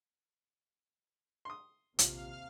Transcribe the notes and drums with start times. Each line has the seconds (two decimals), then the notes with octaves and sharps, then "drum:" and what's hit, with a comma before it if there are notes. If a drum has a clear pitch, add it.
1.45 C6 D#6
1.99 A#1 D#2 C3 F4 F5 F6, drum: hi-hat